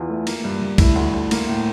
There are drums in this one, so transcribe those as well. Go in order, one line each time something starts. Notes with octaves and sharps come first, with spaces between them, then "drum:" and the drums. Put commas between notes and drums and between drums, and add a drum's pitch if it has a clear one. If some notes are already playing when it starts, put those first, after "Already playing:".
Already playing: E2 E3 F4
A3
A#3, drum: cymbal
G2
G2
A3 E4, drum: kick A#1, cymbal
D2
D2
A#3, drum: cymbal
A2